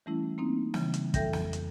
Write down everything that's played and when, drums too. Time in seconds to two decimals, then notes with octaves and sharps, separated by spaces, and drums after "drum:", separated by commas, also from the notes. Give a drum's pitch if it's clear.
0.06 E3 G3 A3 C#4 E4
0.38 A#3 C4 D#4
0.74 C#3 E3 G3, drum: snare
0.94 drum: hi-hat
1.14 F2 A4 E5 G5 G6 A#6, drum: kick, hi-hat
1.33 drum: snare
1.53 drum: hi-hat